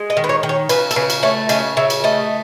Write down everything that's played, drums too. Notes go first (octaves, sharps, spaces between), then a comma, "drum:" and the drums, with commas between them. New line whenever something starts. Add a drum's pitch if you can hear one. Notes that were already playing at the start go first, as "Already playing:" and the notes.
Already playing: G#3
D#5
D#3
B4
C#5
D#3
C#5
C#3 B4, drum: cymbal
A4, drum: cymbal
C#3 B4
drum: cymbal
A3 C#5
C#3 D#5, drum: cymbal
C#3 E5
drum: cymbal
A3 D#5